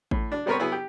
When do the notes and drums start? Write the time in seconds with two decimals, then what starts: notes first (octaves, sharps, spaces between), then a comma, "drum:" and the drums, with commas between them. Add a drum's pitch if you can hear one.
0.11 A2, drum: kick A1
0.32 D4
0.46 G3 B3 C4 A#4 B4 C#5
0.59 F#3 B3 E4 G#4
0.72 G4